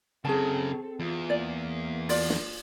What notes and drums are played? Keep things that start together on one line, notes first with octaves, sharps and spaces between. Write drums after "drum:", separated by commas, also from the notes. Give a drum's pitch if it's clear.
C#3 F#3 C4 G#4 A4 A5
E2 F4
A#3 D5
F4 D5, drum: open hi-hat
drum: snare